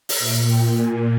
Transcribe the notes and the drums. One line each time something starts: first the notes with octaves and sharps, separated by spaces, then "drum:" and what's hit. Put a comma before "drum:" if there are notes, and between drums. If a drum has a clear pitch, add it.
drum: open hi-hat
A#2 E5
A#2 G5
A#2 G#5